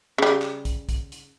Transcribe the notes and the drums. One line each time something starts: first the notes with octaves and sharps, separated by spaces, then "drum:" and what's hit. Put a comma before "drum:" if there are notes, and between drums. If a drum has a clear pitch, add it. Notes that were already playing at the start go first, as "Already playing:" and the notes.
C#3 G3
drum: clap
drum: kick, hi-hat
drum: kick, hi-hat
drum: hi-hat